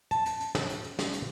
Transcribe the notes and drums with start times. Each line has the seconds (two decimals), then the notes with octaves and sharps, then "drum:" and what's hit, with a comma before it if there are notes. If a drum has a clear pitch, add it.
0.11 A5, drum: hi-hat
0.26 drum: hi-hat
0.40 drum: hi-hat
0.55 drum: snare
0.69 drum: hi-hat
0.84 drum: hi-hat
0.99 drum: snare
1.13 drum: hi-hat